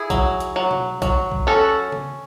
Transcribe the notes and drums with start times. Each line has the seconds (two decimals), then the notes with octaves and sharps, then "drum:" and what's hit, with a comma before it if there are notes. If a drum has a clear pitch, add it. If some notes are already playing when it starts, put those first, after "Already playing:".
Already playing: E4 G#4
0.10 F#3, drum: kick A#1, hi-hat
0.40 drum: hi-hat
0.56 F#3
0.71 drum: tom B2
1.02 F#3, drum: kick A#1, hi-hat
1.32 drum: kick A#1
1.47 C#4 F#4 A4
1.92 drum: tom C#3